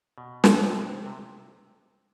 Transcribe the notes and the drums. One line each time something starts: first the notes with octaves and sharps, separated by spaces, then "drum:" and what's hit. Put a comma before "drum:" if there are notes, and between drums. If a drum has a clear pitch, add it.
B2
drum: snare
C3 C4
C3